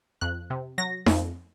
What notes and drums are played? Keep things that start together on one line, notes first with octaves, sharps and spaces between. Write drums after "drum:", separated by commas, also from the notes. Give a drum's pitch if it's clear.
F2 F#6
C3
F#3 A#6
F2, drum: snare D#4